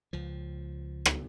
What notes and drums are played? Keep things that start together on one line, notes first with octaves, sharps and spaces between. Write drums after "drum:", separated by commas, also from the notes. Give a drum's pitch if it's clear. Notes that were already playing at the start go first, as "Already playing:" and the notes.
C#2 F3
drum: rim click